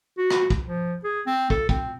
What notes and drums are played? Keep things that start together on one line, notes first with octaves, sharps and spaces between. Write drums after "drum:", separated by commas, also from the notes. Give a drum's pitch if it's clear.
F#4
drum: rim click
drum: kick
F3
G#4
C4
A4, drum: kick
C4, drum: kick